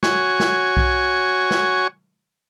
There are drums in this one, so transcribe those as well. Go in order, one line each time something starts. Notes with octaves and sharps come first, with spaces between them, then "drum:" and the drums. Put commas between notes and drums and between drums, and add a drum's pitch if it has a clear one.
F#4 C#5 G#5 C#6, drum: snare
drum: snare
drum: kick B1
drum: snare